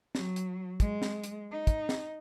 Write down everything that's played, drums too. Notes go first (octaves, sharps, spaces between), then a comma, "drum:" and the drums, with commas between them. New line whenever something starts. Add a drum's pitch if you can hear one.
F#3, drum: snare
drum: hi-hat
G#3, drum: kick, hi-hat
drum: snare
drum: hi-hat
D#4
drum: kick, hi-hat
drum: snare